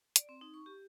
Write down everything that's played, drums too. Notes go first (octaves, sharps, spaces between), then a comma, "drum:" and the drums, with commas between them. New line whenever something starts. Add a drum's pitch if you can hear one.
D5, drum: hi-hat
C4
D#4
C#6
G4